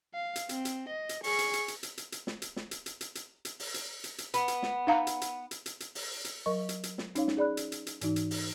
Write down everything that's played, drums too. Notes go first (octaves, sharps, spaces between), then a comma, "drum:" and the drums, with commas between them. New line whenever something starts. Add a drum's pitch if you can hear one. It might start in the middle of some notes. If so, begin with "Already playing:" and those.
F5
drum: hi-hat
C4, drum: hi-hat
drum: hi-hat
D#5
drum: hi-hat
G#4 C#6, drum: open hi-hat
drum: hi-hat
drum: hi-hat
drum: hi-hat
drum: hi-hat
drum: hi-hat
drum: hi-hat
drum: snare
drum: hi-hat
drum: snare
drum: hi-hat
drum: hi-hat
drum: hi-hat
drum: hi-hat
drum: hi-hat
drum: open hi-hat
drum: hi-hat
drum: hi-hat
drum: hi-hat
B3, drum: hi-hat
drum: hi-hat
drum: snare
D#4 F5 A#5
drum: hi-hat
drum: hi-hat
drum: hi-hat
drum: hi-hat
drum: hi-hat
drum: open hi-hat
drum: hi-hat
F#3 A#4 D#5 C#6
drum: hi-hat
drum: hi-hat
drum: snare
C#4 D#4 C#5 F5, drum: hi-hat
drum: snare
G#4 D5 B5 F#6
drum: hi-hat
drum: hi-hat
drum: hi-hat
G#2 E3 D#4, drum: hi-hat
drum: hi-hat
drum: open hi-hat